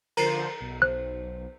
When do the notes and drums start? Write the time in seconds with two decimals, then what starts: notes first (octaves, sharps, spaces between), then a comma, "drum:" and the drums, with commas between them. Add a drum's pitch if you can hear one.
0.17 D3 F3 A#4 C5 A#5 C7, drum: cymbal
0.60 B1
0.82 C5 F#6